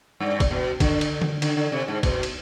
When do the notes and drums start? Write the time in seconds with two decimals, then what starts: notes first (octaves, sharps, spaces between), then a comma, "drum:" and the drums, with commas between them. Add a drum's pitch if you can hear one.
0.20 G2
0.40 drum: kick, cymbal
0.51 B2
0.80 D3, drum: kick, cymbal
1.01 drum: cymbal
1.22 drum: tom D3
1.42 D3, drum: cymbal
1.57 D3
1.72 C3
1.88 G#2
2.03 B2, drum: kick, cymbal
2.23 drum: cymbal